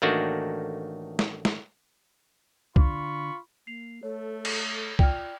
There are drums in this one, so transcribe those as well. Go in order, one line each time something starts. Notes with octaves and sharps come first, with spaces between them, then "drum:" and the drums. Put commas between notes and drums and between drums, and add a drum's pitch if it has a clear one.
A1 D#3 A3 A#3 D4 F#4
drum: snare
drum: snare
D3 F4 B5 C#6, drum: kick
A#3 C7 F7
A3 A4 C#5
drum: cymbal
F4 D5 G5 F6, drum: kick